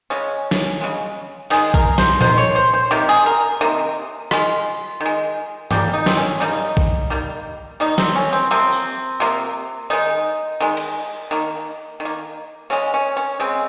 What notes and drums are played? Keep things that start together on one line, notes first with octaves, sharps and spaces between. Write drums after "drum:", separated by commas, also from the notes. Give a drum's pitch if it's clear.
C#3 G#3 C#4
drum: snare
C#3 G#3
D#3 G#3 G#4, drum: open hi-hat
A#4, drum: kick A#1
C5, drum: snare
D#3 G#3 C5, drum: tom A#2
C#5
C5
C5
C3 D#3 A#3 G4
G#4
A#4
C3 D#3 A#3
D#3 G#3 F4, drum: rim click
D#3 G#3
C#3 G3 A#3 G4, drum: tom G2
D#4
C4, drum: snare
C#4
C#3 G3 A#3 D#4
drum: kick A#1
D#3 G3 A#3
D#3 G3 A#3 D#4
C4, drum: snare
C#4
C4
C3 F3 A#3 C4
drum: tambourine
C3 F3 A#3
D#3 G#3 D#4
D#3 G#3
drum: cymbal
D#3 A#3
D#3
A#3
C#3 G#3 C#4
C#4
C#4
C#3 G#3 C4